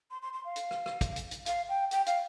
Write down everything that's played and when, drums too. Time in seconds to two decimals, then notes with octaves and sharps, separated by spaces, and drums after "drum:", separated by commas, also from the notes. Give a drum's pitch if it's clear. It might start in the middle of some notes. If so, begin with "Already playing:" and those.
0.11 C6
0.22 C6
0.33 C6
0.45 F5
0.56 drum: hi-hat
0.71 drum: rim click
0.86 drum: rim click
1.01 drum: kick, hi-hat
1.16 drum: hi-hat
1.31 drum: hi-hat
1.46 F5, drum: hi-hat
1.69 G5
1.91 G5, drum: hi-hat
2.06 F5, drum: hi-hat